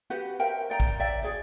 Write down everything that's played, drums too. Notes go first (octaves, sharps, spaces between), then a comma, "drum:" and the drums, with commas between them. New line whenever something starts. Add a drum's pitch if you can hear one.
F#4 G4 B4 F#5
A#4 C5 E5 G5
D5 G5 A#5
drum: kick
D5 E5 G5
F#4 G#4 D5